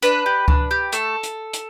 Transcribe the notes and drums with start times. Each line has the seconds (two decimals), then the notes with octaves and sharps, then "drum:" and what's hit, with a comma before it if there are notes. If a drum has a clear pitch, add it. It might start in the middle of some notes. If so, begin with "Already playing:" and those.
0.02 D4 B4, drum: hi-hat
0.26 G4
0.48 D4, drum: kick C#2
0.71 G4
0.92 A3 A4, drum: hi-hat
1.23 drum: hi-hat
1.53 drum: hi-hat